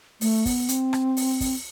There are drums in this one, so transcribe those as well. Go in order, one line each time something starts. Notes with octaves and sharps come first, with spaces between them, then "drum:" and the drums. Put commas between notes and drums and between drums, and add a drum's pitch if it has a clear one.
A3, drum: open hi-hat
B3, drum: kick, open hi-hat
C4, drum: hi-hat
drum: rim click
drum: open hi-hat
drum: kick, open hi-hat